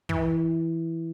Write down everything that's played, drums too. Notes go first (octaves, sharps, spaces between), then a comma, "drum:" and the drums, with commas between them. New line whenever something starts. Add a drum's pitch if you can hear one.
E3, drum: kick